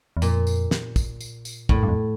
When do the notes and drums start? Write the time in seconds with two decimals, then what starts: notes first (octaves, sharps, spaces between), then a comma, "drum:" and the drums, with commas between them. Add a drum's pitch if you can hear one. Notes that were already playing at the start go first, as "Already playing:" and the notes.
0.17 E2
0.22 F2 A#2, drum: tambourine
0.47 drum: tambourine
0.71 drum: snare
0.96 drum: kick, tambourine
1.20 drum: tambourine
1.45 drum: tambourine
1.69 E2 A2, drum: kick
1.83 G2
1.89 F2